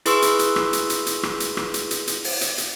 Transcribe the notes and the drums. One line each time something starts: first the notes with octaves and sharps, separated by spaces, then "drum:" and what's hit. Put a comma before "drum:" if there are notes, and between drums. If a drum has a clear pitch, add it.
E4 G#4 B4 C6 C#6 E6, drum: hi-hat
drum: hi-hat
drum: hi-hat
drum: rim click
drum: hi-hat
drum: hi-hat
drum: hi-hat
drum: rim click
drum: hi-hat
drum: rim click
drum: hi-hat
drum: hi-hat
drum: hi-hat
drum: open hi-hat
drum: hi-hat
drum: hi-hat